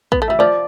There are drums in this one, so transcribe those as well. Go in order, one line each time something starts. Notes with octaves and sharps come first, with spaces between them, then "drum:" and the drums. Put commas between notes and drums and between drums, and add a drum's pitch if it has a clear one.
B3, drum: kick
A3
G3 E5
F3 D5